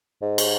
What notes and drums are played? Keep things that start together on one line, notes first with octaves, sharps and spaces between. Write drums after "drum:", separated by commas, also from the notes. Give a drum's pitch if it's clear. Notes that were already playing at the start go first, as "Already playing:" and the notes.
G#2
drum: cymbal